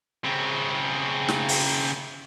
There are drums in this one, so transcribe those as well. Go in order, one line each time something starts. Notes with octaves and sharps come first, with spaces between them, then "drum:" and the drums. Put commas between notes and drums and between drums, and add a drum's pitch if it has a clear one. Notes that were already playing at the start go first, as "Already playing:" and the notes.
C#3 C4
drum: snare
drum: open hi-hat